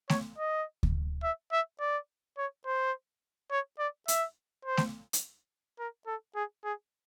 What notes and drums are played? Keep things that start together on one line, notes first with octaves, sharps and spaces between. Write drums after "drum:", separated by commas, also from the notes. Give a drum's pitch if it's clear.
C#5, drum: snare A3
D#5
drum: kick D2
E5
E5
D5
C#5
C5
C#5
D5
E5, drum: hi-hat
C5
drum: snare A3
drum: hi-hat
A#4
A4
G#4
G#4